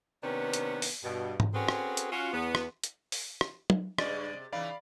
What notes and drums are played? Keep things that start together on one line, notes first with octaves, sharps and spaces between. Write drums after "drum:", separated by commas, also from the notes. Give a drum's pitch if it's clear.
C3 D#3 B3 C#4 D4 B4
drum: hi-hat
drum: open hi-hat
G2 B2
drum: tom G#2
C4 C#4 F#4 G#4 A4 B4
drum: rim click
drum: hi-hat
C#4 F4 F#4
E2 B3
drum: rim click
drum: hi-hat
drum: open hi-hat
drum: rim click
drum: tom
G2 C#3 G#3 D5 D#5 A6, drum: rim click
C3
C#3 E3 D#4 D5 F5 B5